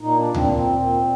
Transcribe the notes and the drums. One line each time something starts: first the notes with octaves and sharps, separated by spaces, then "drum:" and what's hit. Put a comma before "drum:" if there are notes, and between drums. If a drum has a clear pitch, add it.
A#2 D#4
D4
A#2 C4, drum: tom D2
C4
A#2